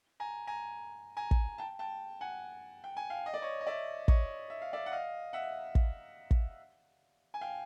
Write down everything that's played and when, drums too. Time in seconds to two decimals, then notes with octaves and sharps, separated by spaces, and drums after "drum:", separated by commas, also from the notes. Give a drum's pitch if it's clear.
0.20 G#5 A#5
0.47 G#5 A#5
1.17 G#5 A#5
1.31 drum: kick
1.58 G5 A5
1.79 G5 A5
2.21 F#5 G#5
2.84 G5
2.97 G#5
3.10 F5 G5
3.26 D#5
3.34 D5
3.42 C#5 D#5
3.61 D#5
3.66 D5 E5
4.08 C#5 D#5, drum: kick
4.50 E5
4.62 F5
4.73 D5 E5
4.86 F#5
4.91 D#5 F5
5.33 E5 F#5
5.75 drum: kick
6.31 drum: kick
7.34 G#5
7.41 F5 G5